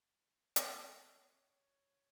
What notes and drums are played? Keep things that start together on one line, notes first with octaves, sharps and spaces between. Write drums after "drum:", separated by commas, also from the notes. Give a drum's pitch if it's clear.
drum: hi-hat
C#5